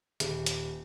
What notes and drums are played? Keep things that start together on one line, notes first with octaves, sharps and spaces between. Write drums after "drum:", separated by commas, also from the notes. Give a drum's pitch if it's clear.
D#1, drum: hi-hat
drum: hi-hat